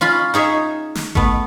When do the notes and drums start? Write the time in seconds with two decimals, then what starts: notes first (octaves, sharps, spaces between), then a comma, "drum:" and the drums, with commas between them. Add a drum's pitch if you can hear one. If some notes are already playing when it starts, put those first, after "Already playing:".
0.01 C#4 F4 B5
0.34 D#4 G#4 C#5 E5
0.95 drum: snare
1.15 A3 B3, drum: kick G#1